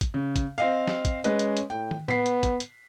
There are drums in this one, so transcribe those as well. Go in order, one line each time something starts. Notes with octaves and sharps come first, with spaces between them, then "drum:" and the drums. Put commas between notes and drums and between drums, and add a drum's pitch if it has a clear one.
drum: kick, hi-hat
C#3
drum: kick, hi-hat
C4 D#5 F5
drum: snare
drum: kick, hi-hat
G#3 C#4 B4 D#5, drum: hi-hat
drum: hi-hat
drum: hi-hat
A2 G5
drum: tom
B3 B6 C7, drum: tom A2
drum: hi-hat
drum: kick, hi-hat
drum: hi-hat